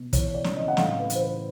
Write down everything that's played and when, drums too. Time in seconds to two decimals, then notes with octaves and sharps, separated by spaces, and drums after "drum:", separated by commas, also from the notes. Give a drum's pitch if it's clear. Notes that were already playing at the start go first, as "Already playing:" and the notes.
Already playing: B2
0.13 E3 C#5, drum: kick, hi-hat
0.34 D5
0.44 C#3, drum: snare
0.56 D#5
0.68 F#5
0.77 A2 F5, drum: snare
0.99 B4
1.10 E3, drum: hi-hat
1.15 C5
1.21 B4